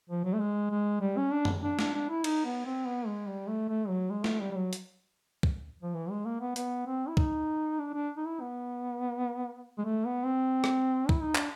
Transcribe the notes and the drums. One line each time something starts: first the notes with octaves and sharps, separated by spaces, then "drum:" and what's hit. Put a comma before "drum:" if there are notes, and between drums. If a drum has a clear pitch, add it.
F3
F#3
A3
G#3
G#3
G3
C#4
D4
drum: tom F#2
D4
D4, drum: snare
D4
E4
D#4, drum: cymbal
B3
C4
B3
G#3
G3
A3
A3
F#3
G#3
A3, drum: snare
G3
G3
F#3
drum: hi-hat
drum: kick
F3
E3
G#3
A#3
B3
B3, drum: hi-hat
C4
E4
D#4, drum: kick
D4
D4
D#4
E4
B3
G#3
A3
B3
C4
drum: rim click
E4, drum: kick
D#4
D4, drum: clap